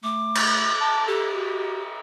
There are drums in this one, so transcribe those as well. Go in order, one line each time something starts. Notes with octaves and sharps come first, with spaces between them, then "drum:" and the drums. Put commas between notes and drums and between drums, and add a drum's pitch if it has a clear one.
A3 D6
drum: cymbal
A5
G4 A4
F#4